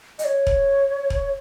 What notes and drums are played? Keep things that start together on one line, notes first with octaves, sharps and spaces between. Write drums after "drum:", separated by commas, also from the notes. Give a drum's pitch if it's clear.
D#5, drum: hi-hat
C#5
drum: kick E1
drum: kick E1